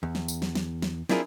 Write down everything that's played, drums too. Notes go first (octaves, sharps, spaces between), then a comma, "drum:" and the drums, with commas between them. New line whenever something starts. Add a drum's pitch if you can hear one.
E2
drum: snare
drum: tambourine
drum: snare
drum: snare
drum: snare
C4 D4 E4 F4 G#4 A#4, drum: snare